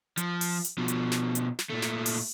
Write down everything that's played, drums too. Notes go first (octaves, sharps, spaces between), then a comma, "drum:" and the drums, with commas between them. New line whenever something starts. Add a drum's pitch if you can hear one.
F3, drum: hi-hat
drum: open hi-hat
drum: hi-hat
B2 F3
drum: hi-hat
drum: snare
drum: hi-hat
drum: snare
A#2 A3
drum: snare
drum: open hi-hat